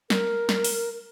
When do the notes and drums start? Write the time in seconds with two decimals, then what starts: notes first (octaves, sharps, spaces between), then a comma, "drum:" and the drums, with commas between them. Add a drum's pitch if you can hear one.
0.10 A#4, drum: snare
0.49 drum: snare
0.64 drum: open hi-hat